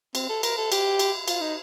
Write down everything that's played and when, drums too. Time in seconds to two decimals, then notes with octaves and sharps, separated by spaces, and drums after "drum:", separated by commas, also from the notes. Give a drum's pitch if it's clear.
0.15 C4, drum: cymbal
0.29 A4
0.43 A#4, drum: cymbal
0.57 A4
0.72 G4, drum: cymbal
0.99 drum: cymbal
1.28 F4, drum: cymbal
1.41 D#4